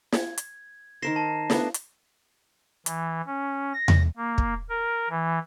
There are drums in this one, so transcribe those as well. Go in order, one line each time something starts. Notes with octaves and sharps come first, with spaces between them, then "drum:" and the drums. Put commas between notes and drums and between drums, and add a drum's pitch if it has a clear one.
G#6, drum: snare
drum: hi-hat
D#3 A#4 C5 A#6 C7 E7
A5
A3 B3 D4, drum: snare
drum: hi-hat
E3, drum: hi-hat
C#4
A#6
drum: tom E2
A#3
drum: kick
A#4
E3